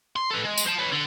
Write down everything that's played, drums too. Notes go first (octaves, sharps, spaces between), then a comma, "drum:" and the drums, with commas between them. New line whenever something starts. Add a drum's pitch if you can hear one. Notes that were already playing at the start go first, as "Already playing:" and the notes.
C6
A4 B4
G#3
drum: tambourine
C5 A5
B4 C#5
D3